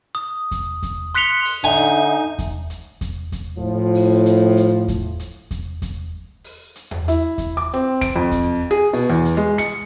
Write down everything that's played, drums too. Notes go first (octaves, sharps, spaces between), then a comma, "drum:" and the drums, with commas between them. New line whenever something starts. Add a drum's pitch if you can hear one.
D#6
drum: kick E2, hi-hat
drum: kick E2, hi-hat
C6 F#6 B6 C#7 F7 G7
drum: open hi-hat
D3 D#4 E5 G#5
drum: hi-hat
drum: kick E2, hi-hat
drum: hi-hat
drum: kick E2, hi-hat
drum: kick E2, hi-hat
A2 F3
drum: open hi-hat
drum: hi-hat
drum: hi-hat
drum: kick E2, hi-hat
drum: hi-hat
drum: kick E2, hi-hat
drum: kick E2, hi-hat
drum: open hi-hat
drum: hi-hat
drum: tom E2
E4, drum: hi-hat
drum: kick E2, hi-hat
D6
C4
D7, drum: kick E2, hi-hat
F2
drum: kick E2, hi-hat
G#4
B2, drum: open hi-hat
E2
drum: hi-hat
G#3
C#7, drum: hi-hat